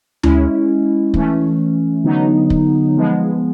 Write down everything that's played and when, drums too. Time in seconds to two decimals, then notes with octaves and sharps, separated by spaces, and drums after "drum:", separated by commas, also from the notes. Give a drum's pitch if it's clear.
0.23 G#3 C#4 E4, drum: tom D2
1.14 E3 A3 C#4, drum: kick
2.04 D3 F#3 B3 D#4
2.50 drum: kick
2.96 F3 G#3 B3